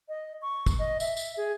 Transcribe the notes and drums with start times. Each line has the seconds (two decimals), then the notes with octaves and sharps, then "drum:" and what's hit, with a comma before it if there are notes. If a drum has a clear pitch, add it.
0.09 D#5
0.42 C#6
0.66 drum: kick, tambourine
0.79 D#5
1.00 E5, drum: tambourine
1.17 drum: tambourine
1.37 G#4